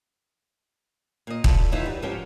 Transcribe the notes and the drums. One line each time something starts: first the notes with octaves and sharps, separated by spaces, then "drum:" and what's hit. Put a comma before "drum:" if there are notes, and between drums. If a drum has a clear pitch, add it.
A#2 D#5
E4 F4 A4 D5, drum: kick D#1
E3 F#3 D#4 F4 B4 E5
G3
G#2 F3 F#3 C#4 G4 G5